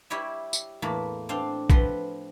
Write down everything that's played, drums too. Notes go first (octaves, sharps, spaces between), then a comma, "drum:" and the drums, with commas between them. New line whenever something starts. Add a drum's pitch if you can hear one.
G3 E4 G4 C#5 D5 E5
drum: tambourine
E2 A2 A#3 A5 B5
C4 D4 C5 F5
F3 C4 F4 B4 F#5 C6, drum: kick A#1